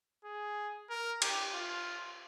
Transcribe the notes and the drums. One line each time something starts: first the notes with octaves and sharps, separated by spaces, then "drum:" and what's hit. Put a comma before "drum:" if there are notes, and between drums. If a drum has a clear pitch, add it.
G#4
A#4
G4, drum: cymbal
F4